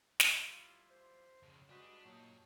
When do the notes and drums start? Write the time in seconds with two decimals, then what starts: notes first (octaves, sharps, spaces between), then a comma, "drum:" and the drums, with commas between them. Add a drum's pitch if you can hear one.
0.20 D4 E4, drum: snare
0.41 G3 E4 F4
0.90 C5
1.43 F2 C#3
1.69 G3 G#3 D4 F#4 B4
2.06 A#2 F#3 D#4 G4 A5